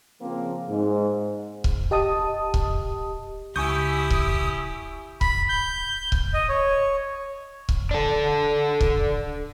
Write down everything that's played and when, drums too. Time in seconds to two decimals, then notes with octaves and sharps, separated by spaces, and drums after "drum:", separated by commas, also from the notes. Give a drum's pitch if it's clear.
0.21 C#3 F3 A#3 C4
0.69 G#2
1.64 drum: kick C#1
1.91 G4 D#5 A5 D#6
2.54 drum: kick C#1
3.56 C#2 E4 G4 G#5 C#6 D#6 E6 G6
4.10 drum: kick C#1
5.21 B5, drum: kick C#1
5.49 G6
6.12 drum: kick C#1
6.34 D#5
6.49 C#5
7.69 drum: kick C#1
7.91 D4 A4
8.81 drum: kick C#1